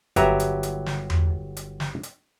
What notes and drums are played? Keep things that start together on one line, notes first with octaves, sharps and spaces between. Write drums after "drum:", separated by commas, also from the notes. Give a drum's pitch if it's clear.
G1 F#3 G4 B4 E5 A#5, drum: kick F#1, hi-hat
drum: hi-hat
drum: hi-hat
drum: snare
drum: tom E2
drum: hi-hat
drum: snare
drum: hi-hat